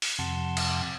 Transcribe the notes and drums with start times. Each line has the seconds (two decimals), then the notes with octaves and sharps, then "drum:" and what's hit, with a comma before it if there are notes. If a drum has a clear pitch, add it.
0.02 drum: open hi-hat
0.19 F2 C3 F#5 A5 C6
0.57 drum: cymbal